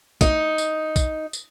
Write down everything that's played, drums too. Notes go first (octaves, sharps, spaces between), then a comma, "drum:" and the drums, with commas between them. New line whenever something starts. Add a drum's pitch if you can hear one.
D#4, drum: kick, tambourine
drum: tambourine
drum: kick, tambourine
drum: tambourine